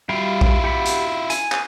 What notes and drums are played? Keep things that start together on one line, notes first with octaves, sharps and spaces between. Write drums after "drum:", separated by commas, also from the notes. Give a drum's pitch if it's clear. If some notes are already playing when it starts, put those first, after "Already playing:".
G3 E4 F4 F5 G5
drum: kick A#1
G4 F#5 B5
drum: hi-hat
G#5, drum: hi-hat
drum: clap